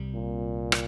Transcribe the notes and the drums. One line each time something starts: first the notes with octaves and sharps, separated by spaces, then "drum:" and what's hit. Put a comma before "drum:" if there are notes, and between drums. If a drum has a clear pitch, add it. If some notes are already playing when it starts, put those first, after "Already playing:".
Already playing: C2 C3 G3
A#2
drum: rim click